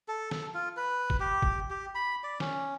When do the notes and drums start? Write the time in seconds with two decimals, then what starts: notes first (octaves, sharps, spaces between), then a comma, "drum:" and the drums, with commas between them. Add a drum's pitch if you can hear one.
0.08 A4
0.31 A4, drum: snare
0.54 F4
0.77 B4
1.10 drum: kick
1.20 G4
1.42 drum: kick
1.70 G4
1.95 B5
2.24 D5
2.40 C#4, drum: snare